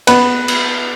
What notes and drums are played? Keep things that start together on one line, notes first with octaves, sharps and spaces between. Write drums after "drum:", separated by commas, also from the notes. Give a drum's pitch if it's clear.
B3 B4, drum: cymbal
drum: cymbal